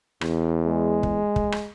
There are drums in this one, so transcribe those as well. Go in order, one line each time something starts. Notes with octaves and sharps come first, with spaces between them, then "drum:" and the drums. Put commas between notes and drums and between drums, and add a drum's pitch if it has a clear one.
E2, drum: rim click
G#3
drum: kick
drum: kick
drum: rim click